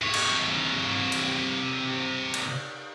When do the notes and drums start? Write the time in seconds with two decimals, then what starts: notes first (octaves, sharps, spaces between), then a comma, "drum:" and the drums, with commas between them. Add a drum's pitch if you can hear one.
0.02 C3 C#5
0.14 drum: cymbal
1.12 drum: cymbal
2.34 drum: cymbal